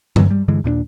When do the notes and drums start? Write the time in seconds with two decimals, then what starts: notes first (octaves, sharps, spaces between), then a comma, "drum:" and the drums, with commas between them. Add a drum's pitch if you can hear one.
0.16 F#2 D3 F#3, drum: tom G2
0.31 G3
0.48 G2 D3 E3 G#3
0.64 D#2 A#2 C4 D4